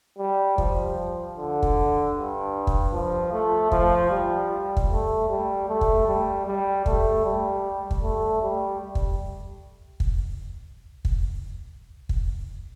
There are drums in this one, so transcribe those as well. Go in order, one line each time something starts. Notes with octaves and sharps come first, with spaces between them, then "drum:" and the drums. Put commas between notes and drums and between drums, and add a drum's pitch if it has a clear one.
G3
F3, drum: kick
D3
drum: kick
G2
drum: kick
F3
A3
F3, drum: kick
G3
drum: kick
A3
G3
A3
drum: kick
G3
G3
A3, drum: kick
G3
drum: kick
A3
G3
drum: kick
drum: kick
drum: kick
drum: kick